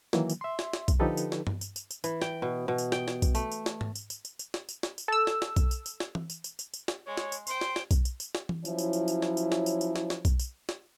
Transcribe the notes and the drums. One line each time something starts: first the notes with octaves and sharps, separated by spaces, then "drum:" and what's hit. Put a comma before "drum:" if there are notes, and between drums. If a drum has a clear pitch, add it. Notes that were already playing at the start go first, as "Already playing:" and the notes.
D#3 E3 F#3 A#3, drum: snare
drum: tambourine
E5 C6
drum: snare
drum: snare
drum: kick B1, tambourine
D3 F3 D#4 G4 A4 B4
drum: tambourine
drum: snare
drum: tom G2
drum: tambourine
drum: tambourine
drum: tambourine
E3, drum: tambourine
G5, drum: snare
B2
B2
drum: tambourine
G5, drum: snare
drum: snare
drum: kick B1, tambourine
A3, drum: tambourine
drum: tambourine
drum: snare
drum: tom G#2
drum: tambourine
drum: tambourine
drum: tambourine
drum: tambourine
drum: snare
drum: tambourine
drum: snare
drum: tambourine
A4 E6
drum: snare
drum: snare
drum: kick B1, tambourine
drum: tambourine
drum: tambourine
drum: snare
drum: tom E3
drum: tambourine
drum: tambourine
drum: tambourine
drum: tambourine
drum: snare
G#3 C#5
drum: snare
drum: tambourine
C5 G5 C6, drum: tambourine
drum: snare
drum: snare
drum: kick B1, tambourine
drum: tambourine
drum: tambourine
drum: snare
drum: tom E3
F3 F#3 C#4 E4, drum: tambourine
drum: tambourine
drum: tambourine
drum: tambourine
drum: snare
drum: tambourine
drum: snare
drum: tambourine
drum: tambourine
drum: snare
drum: snare
drum: kick B1, tambourine
drum: tambourine
drum: snare